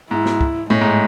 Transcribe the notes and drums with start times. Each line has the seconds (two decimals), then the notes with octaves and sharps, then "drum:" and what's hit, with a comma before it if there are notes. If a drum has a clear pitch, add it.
0.11 G#2 E4
0.26 drum: snare
0.41 drum: kick
0.70 A2 G#3, drum: tom
0.81 G#2